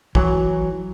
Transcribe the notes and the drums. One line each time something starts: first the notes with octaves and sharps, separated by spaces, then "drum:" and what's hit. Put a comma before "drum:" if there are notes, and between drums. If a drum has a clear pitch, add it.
E3 F#3, drum: kick